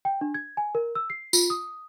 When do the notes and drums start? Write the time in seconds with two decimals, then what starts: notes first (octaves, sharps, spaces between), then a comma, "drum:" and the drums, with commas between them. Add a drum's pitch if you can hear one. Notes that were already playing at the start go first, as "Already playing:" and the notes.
0.05 G5
0.21 D4
0.34 G#6
0.57 G#5
0.75 A#4
0.95 E6
1.10 C7
1.33 F4, drum: tambourine
1.50 D#6